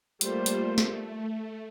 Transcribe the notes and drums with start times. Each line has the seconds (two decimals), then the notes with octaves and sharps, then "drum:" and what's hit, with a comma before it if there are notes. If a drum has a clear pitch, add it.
0.21 G3 A3 A#3 F4 C5, drum: hi-hat
0.46 drum: hi-hat
0.78 drum: snare